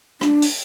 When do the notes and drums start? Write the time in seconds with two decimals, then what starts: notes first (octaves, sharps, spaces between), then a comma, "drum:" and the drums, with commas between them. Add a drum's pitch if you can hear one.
0.21 D4, drum: rim click
0.42 drum: open hi-hat